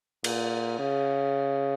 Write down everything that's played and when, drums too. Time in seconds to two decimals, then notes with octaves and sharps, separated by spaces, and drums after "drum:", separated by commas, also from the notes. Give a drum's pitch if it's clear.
0.24 A#2, drum: cymbal
0.79 C#3